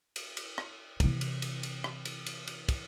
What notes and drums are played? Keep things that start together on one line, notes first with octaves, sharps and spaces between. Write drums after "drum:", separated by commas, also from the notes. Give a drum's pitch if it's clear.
drum: cymbal
drum: cymbal
drum: rim click
C3 E3, drum: kick, cymbal
drum: cymbal
drum: cymbal
drum: cymbal
drum: rim click
drum: cymbal
drum: cymbal
drum: cymbal
drum: kick, cymbal